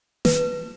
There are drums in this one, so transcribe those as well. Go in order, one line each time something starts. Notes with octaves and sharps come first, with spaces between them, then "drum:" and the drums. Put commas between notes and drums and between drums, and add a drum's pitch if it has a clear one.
B4, drum: snare